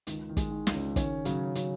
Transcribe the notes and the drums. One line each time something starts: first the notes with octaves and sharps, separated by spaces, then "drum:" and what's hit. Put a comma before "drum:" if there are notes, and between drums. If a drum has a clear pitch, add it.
C#2 D#3, drum: hi-hat
D#3
G#3, drum: kick, hi-hat
D#3
C#2, drum: snare
C#3
D#3 C#4, drum: kick, hi-hat
C#3 F#3, drum: hi-hat
C#3 F#3, drum: hi-hat